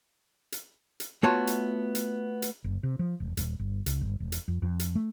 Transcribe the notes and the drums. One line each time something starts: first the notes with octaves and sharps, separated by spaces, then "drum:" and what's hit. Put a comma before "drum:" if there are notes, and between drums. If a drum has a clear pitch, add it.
drum: hi-hat
drum: hi-hat
A3 B3 F4 F#4 C#5 A5
drum: hi-hat
drum: hi-hat
drum: hi-hat
F#1
C3
F3
E1
D#1, drum: hi-hat
G1
C#2, drum: hi-hat
G1
E1
drum: hi-hat
F2
F2
drum: hi-hat
A3